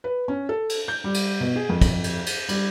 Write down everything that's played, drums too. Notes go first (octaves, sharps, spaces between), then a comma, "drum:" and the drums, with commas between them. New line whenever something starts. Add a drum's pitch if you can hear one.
B4
C#4
A4
drum: cymbal
G6
G3
drum: cymbal
B2
G#4
F2
drum: kick, cymbal
drum: cymbal
drum: cymbal
G3, drum: cymbal